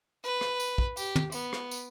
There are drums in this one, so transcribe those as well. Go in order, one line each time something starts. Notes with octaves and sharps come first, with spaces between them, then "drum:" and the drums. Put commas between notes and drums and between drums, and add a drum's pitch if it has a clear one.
B4
drum: rim click
drum: tambourine
drum: kick
G4, drum: tambourine
drum: tom
B3, drum: tambourine
drum: rim click
drum: tambourine